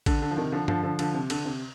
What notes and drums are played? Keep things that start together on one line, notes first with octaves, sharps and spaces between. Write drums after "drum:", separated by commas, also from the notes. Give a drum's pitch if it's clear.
D3, drum: kick A1, cymbal
D3
F3
C3 D#3
D3 F3
D3 F3, drum: tom G2
D3 F3
D3 F3, drum: cymbal
C3
D3, drum: cymbal
C3